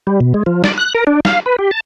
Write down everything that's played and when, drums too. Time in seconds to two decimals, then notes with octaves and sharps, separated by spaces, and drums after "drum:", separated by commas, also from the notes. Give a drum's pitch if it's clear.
0.07 G3
0.20 B2
0.34 G#3
0.46 F3
0.64 D5, drum: snare
0.78 F#6
0.95 A#4
1.07 D4
1.25 F5, drum: snare
1.46 B4
1.59 G4
1.71 A5